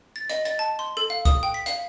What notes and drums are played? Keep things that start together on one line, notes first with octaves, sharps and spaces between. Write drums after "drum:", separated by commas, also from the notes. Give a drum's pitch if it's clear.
A6
D#5, drum: hi-hat
A6, drum: hi-hat
A5
C6
A4
F5
D#6, drum: kick, hi-hat
G5
B6
F5, drum: hi-hat